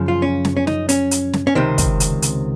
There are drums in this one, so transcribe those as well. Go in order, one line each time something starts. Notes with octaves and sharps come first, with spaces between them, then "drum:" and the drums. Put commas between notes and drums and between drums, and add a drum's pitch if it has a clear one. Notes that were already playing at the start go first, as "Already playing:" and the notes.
Already playing: F#2 C#3 F3
F4
C#4
drum: snare
C#4
D#4, drum: snare
C#4, drum: hi-hat
drum: hi-hat
drum: snare
C#4
C#2 C3 D#3 C4
drum: kick, hi-hat
drum: hi-hat
drum: hi-hat